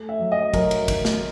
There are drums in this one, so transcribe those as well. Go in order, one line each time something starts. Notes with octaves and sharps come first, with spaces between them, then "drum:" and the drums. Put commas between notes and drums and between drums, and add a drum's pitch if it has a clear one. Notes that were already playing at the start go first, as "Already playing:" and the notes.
Already playing: A3
E5
F#3
D#5
F#3 A#4, drum: kick, cymbal
drum: cymbal
D#3, drum: kick, cymbal
drum: snare